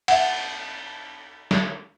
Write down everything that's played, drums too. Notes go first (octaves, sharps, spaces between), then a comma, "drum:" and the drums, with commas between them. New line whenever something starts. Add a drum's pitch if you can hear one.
E5 F#5, drum: cymbal
drum: snare